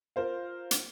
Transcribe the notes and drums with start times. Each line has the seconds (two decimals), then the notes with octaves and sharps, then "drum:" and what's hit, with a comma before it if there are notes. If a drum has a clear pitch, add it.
0.16 F4 A#4 C5 F5
0.71 drum: hi-hat